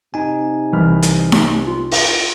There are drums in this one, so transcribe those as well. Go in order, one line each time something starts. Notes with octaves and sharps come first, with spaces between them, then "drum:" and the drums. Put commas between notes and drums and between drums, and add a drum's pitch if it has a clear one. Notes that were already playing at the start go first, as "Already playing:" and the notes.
C3 D#4 G#5
C2 E3 B5 F6
drum: hi-hat
drum: snare D#4
F4
drum: open hi-hat